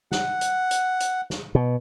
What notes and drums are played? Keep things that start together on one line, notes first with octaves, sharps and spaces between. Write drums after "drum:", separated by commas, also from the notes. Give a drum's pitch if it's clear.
F#5, drum: snare
drum: hi-hat
drum: hi-hat
drum: hi-hat
drum: snare
B2